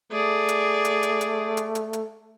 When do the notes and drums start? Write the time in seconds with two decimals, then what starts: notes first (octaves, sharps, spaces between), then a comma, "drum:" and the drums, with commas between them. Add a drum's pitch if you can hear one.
0.12 A3 G#4 D5
0.48 drum: hi-hat
0.85 drum: hi-hat
1.03 drum: hi-hat
1.21 drum: hi-hat
1.57 drum: hi-hat
1.75 drum: hi-hat
1.93 drum: hi-hat